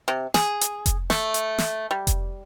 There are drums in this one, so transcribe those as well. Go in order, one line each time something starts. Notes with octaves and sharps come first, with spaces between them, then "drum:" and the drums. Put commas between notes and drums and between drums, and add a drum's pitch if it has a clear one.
C3
G#4, drum: snare
drum: hi-hat
drum: kick F1, hi-hat
A3, drum: snare
drum: hi-hat
drum: snare
G3
drum: kick F1, hi-hat